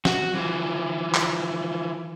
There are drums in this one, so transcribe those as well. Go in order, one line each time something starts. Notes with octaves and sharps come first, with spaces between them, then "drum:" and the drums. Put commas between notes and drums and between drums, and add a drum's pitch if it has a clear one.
F#4, drum: snare
E3 F3
drum: clap